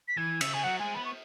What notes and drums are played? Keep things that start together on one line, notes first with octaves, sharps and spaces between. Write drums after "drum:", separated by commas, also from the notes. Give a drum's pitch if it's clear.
B6
E3 G#6
C#3 E6, drum: cymbal
G#5
F#3 F#5
G#3 G#5
B3 B5
C#6